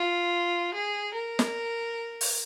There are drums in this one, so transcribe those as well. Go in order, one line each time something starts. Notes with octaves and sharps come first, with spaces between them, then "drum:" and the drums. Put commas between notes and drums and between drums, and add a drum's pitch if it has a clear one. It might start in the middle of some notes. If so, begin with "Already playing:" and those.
Already playing: F4
G#4
A#4
drum: snare
drum: open hi-hat